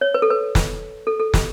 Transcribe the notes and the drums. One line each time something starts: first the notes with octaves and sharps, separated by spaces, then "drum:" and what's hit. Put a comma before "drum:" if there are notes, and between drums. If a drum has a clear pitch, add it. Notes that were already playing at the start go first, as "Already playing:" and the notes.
C#5
B4
A4
B4
drum: snare
A4
A4
G4, drum: snare